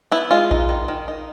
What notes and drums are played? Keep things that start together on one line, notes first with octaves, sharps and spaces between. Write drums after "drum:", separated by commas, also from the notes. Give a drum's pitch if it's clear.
B3 E4
G#3 F4
D#4, drum: kick A#1
D#3
D#3
D#4